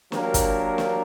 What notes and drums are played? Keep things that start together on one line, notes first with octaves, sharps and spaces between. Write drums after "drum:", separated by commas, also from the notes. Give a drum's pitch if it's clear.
F#3 A#3 D4 G4 A#4, drum: snare
drum: kick, hi-hat
drum: snare